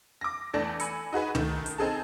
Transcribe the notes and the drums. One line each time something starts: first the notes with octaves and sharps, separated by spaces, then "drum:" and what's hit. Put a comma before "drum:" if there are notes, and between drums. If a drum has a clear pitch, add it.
D6 A#6
E2 A3 D4 D5 A5 A#6
G#5 B5 E6 C#7, drum: hi-hat
D#4 F#4 G#4 B4
D#3 A3, drum: tom
drum: hi-hat
C4 D#4 G#4 A4 A5